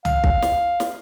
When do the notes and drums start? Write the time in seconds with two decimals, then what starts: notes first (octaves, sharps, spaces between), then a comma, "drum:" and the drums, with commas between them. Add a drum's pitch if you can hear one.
0.05 F5, drum: tom
0.24 drum: kick
0.42 drum: snare
0.80 drum: snare